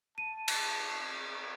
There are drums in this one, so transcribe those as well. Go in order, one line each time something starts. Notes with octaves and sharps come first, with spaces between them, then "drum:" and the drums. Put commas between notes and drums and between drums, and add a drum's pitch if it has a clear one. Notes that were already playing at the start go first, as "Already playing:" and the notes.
A5 D#7
drum: cymbal